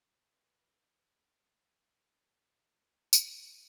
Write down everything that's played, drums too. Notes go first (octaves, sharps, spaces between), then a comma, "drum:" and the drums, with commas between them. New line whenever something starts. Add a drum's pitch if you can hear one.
B4 B5
D#4
A#4 C5
F#2 A#2 D3 E4 A#4 C#6, drum: tambourine